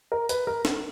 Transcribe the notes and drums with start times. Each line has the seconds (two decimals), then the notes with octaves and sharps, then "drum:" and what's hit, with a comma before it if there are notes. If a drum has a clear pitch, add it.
0.12 A#4
0.29 B4, drum: hi-hat
0.47 A#4
0.65 drum: snare